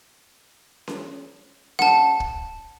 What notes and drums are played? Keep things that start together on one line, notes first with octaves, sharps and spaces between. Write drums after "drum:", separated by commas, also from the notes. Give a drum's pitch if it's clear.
drum: snare C#4
F#5 A5, drum: snare C#4
drum: kick